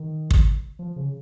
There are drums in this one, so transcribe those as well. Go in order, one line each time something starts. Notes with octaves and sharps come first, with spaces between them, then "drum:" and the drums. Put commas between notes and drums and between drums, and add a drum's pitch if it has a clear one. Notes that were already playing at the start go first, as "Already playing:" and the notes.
Already playing: D#3
drum: kick
F3
C#3